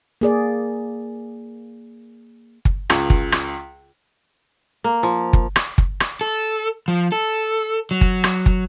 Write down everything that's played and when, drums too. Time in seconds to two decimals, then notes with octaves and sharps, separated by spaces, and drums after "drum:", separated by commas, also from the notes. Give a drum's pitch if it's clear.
0.21 A#3 G#4 D5
2.65 drum: kick
2.90 C#2, drum: rim click
3.10 drum: kick
3.32 drum: rim click
4.84 A#3
5.03 F3
5.33 drum: kick
5.56 drum: rim click
5.78 drum: kick
6.00 drum: rim click
6.21 A4
6.88 F3
7.12 A4
7.91 F#3
8.01 drum: kick
8.24 drum: rim click
8.46 drum: kick